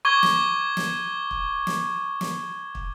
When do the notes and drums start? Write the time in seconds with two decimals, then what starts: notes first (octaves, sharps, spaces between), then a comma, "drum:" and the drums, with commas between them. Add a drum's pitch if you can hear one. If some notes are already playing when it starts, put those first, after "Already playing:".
0.05 C#6 D6 G#6 G7
0.23 drum: snare
0.77 drum: snare
1.31 drum: kick
1.67 drum: snare
2.21 drum: snare
2.75 drum: kick